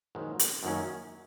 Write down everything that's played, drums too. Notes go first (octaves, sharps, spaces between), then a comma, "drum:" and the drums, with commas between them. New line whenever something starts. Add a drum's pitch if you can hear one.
A#1 G#2 D#3 F#3
drum: hi-hat
F#2 D#3 F#3 A#3 C#4